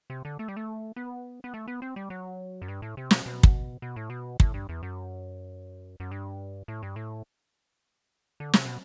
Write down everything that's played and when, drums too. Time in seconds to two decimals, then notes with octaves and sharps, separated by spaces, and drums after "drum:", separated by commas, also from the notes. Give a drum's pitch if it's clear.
0.10 C3
0.25 D3
0.39 A3
0.48 G3
0.57 A3
0.96 B3
1.44 B3
1.54 A3
1.68 B3
1.82 C4
1.96 G3
2.10 F#3
2.62 F#2
2.68 G2
2.82 A2
2.97 C3
3.11 B2, drum: snare
3.26 B2
3.43 drum: kick
3.82 B2
3.96 A2
4.10 B2
4.40 A2, drum: kick
4.54 G2
4.69 E2
4.83 F#2
6.00 F#2
6.11 G2
6.68 A2
6.83 G2
6.96 A2
8.40 D3
8.53 C3, drum: snare
8.65 B2